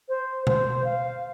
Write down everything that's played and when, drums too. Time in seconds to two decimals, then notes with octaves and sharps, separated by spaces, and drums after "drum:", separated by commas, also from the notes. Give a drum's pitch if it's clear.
0.09 C5
0.47 C5, drum: tom B2
0.84 F5